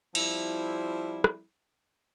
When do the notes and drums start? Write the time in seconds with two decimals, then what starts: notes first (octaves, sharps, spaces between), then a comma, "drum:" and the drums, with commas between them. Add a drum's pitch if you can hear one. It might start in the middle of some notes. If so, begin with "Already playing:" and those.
0.15 F3 G3 C4 E4, drum: cymbal
1.24 drum: rim click